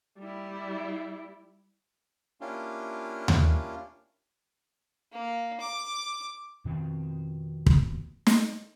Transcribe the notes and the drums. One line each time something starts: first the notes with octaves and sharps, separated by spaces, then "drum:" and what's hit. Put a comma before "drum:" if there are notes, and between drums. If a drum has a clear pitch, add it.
G3 E4
A#3 C#4 D4 E4 F4 G4
drum: tom D#2
A#3
D6
F2 B2 D#3 C4
drum: kick
drum: snare